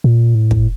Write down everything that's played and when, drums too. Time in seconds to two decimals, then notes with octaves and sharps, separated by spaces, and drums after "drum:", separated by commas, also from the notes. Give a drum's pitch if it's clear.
0.04 A#2
0.35 A2
0.51 drum: kick